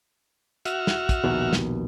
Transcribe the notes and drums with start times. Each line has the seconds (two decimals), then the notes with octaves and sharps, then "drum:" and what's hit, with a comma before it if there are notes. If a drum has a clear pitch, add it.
0.65 F#4 E5 F6, drum: hi-hat
0.87 drum: snare
1.09 drum: kick, hi-hat
1.24 A#1 D#2 B2
1.53 drum: snare